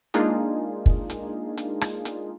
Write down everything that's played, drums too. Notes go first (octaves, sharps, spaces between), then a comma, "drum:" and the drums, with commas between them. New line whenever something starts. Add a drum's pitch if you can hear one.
G#3 A#3 D4 D#4 F4 G#4, drum: hi-hat
drum: kick
drum: hi-hat
drum: hi-hat
drum: rim click
drum: hi-hat